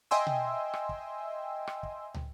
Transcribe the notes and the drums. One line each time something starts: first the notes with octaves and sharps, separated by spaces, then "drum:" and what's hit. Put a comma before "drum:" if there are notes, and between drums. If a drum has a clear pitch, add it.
D#5 E5 G5 G#5 C6 E6
drum: tom B2
drum: rim click
drum: kick
drum: rim click
drum: kick
drum: tom